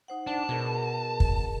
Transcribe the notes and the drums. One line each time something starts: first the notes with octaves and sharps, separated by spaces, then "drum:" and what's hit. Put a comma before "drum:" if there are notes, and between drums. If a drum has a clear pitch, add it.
D#4 C5 F#5
D4 A5
B2 G#4 A#4
drum: kick